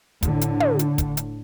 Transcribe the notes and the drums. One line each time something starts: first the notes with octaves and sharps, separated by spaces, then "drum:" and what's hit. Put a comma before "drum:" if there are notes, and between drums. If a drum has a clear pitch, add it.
A2 D3, drum: kick, hi-hat
drum: hi-hat
drum: tom
drum: hi-hat
drum: kick, hi-hat
drum: hi-hat